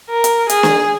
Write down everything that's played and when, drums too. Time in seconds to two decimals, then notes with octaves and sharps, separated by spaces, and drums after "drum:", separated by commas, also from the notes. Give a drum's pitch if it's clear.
0.10 A#4
0.24 drum: hi-hat
0.49 G#4, drum: hi-hat
0.63 drum: snare